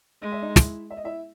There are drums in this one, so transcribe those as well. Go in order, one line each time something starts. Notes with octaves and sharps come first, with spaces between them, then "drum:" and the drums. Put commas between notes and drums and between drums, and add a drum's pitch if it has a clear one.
G#3 D#5
E5
D#4 D#5
E4 E5, drum: snare
E5
D#5
E4 E5